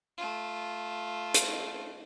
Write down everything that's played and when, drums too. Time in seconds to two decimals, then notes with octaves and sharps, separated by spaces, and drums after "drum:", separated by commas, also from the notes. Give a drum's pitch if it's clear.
0.17 A3 F4
1.34 drum: hi-hat